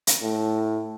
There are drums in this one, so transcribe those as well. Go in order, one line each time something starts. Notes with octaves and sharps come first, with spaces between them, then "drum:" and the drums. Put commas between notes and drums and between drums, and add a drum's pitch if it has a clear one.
drum: hi-hat
A2